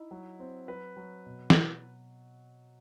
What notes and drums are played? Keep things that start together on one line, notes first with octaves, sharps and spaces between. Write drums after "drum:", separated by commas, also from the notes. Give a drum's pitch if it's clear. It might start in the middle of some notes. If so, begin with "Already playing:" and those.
Already playing: D#4 E4
F#3
C4
F#3 B4
F#3
B2
drum: snare